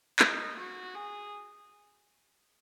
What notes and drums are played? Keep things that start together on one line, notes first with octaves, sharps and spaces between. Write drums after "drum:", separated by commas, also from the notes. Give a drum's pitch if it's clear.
D#4, drum: clap
F#4
G#4